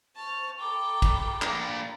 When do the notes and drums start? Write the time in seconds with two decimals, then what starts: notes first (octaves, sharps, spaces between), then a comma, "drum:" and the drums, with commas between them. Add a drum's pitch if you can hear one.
0.16 C5 A5 C#6 F6
0.59 A4 G5 A#5 B5 D6
1.02 drum: kick, cymbal
1.42 A#3 D4, drum: clap